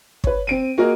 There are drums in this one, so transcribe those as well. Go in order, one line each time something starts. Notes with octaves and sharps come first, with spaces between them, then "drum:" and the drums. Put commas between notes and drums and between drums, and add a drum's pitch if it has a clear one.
B4 C#5, drum: kick
C4 D7 D#7
A#3 F#4 G#4 A#4 D#5